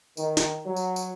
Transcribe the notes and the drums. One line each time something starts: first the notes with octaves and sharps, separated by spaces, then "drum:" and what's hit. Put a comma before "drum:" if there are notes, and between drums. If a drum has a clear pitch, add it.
D#3, drum: tambourine
drum: snare
F#3
drum: tambourine
drum: tambourine